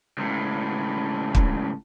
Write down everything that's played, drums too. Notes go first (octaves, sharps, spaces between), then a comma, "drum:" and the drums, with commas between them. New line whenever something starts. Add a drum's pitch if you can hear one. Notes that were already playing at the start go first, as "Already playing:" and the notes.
C#2 A2
drum: kick